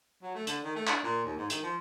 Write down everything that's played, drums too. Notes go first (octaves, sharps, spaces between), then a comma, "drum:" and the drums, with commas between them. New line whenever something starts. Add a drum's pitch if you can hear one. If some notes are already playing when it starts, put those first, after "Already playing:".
F#3
A3
D3, drum: hi-hat
D#3
A3
D4, drum: clap
A#2
D#2
G#2
D#3, drum: hi-hat
F3